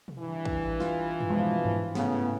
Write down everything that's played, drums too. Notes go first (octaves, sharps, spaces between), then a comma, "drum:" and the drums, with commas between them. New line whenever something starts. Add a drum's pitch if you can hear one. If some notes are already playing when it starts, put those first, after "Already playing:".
drum: tom B2
G2 E3
drum: kick
F4, drum: snare
drum: tom
B2 F3 G#3
G#2
A2 C#3 B3, drum: snare